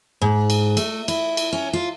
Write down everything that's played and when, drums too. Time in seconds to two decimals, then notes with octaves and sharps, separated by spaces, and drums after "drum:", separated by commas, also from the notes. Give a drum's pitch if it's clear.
0.22 G#2
0.50 drum: cymbal
0.77 A3, drum: cymbal
1.08 E4, drum: cymbal
1.37 drum: cymbal
1.53 C#4
1.73 F4